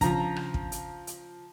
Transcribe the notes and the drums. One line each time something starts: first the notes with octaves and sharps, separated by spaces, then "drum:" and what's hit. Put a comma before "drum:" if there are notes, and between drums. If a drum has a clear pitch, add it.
C#3 F3 C#4 D4 A#5, drum: kick, hi-hat
drum: rim click
drum: kick
drum: hi-hat
drum: hi-hat